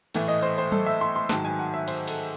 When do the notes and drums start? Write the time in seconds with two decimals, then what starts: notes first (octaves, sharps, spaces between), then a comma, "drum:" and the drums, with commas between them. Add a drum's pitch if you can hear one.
0.14 A2 E3 A3, drum: cymbal
0.28 D#5
0.43 C5
0.58 C5
0.72 A4, drum: tom F#3
0.87 E5
1.01 C6
1.16 C6
1.29 G#2 D#3 F#3 A5, drum: snare
1.45 G#5
1.59 F#5
1.74 E5
1.88 C5, drum: cymbal
2.08 A4, drum: cymbal